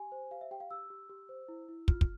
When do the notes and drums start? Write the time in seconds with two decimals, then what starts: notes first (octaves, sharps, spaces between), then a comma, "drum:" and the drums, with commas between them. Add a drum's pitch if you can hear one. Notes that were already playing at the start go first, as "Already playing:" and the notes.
Already playing: G4 G#5
0.12 C5
0.31 G4 F5
0.41 E5
0.51 G4 G5
0.60 F5
0.71 G4 E6
0.90 G4
1.09 G4
1.29 C5
1.48 E4
1.69 E4
1.88 F4 F6, drum: kick
2.01 drum: kick